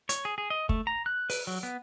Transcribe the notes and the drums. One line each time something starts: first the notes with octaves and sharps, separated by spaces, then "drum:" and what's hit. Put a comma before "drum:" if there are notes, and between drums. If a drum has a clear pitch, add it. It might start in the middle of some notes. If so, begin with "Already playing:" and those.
C#5, drum: hi-hat
G#4
G#4
D#5
A3, drum: kick
A#5
F#6
B4, drum: open hi-hat
F#3
B3